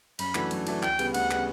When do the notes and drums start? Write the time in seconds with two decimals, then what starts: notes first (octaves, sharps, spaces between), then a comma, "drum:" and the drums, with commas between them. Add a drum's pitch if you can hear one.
0.19 F#2 B5, drum: cymbal
0.35 E3 A3 D4 F#4, drum: clap
0.51 F#2, drum: cymbal
0.67 E3 A3 D4 F#4, drum: cymbal
0.83 D2 G5, drum: clap
0.99 C#3 G3 B3, drum: cymbal
1.14 D2 F#5, drum: cymbal
1.31 C#3 G3 B3, drum: clap